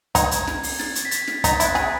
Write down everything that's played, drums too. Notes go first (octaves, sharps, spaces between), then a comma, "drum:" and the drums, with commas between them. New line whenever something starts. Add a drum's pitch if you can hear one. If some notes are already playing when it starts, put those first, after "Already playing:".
D#4 G#6, drum: kick, hi-hat
drum: hi-hat
drum: snare
drum: open hi-hat
A6, drum: snare
drum: hi-hat
B6
A6, drum: hi-hat
drum: snare
D#4 G#6, drum: kick, hi-hat
E4, drum: hi-hat
F#6
G#4, drum: snare